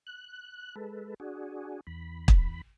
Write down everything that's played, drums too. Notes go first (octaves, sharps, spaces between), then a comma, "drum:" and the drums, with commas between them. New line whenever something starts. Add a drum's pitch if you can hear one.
F#6
G#3 A4 B4
D4 F#4 G#4
E2 B5
drum: kick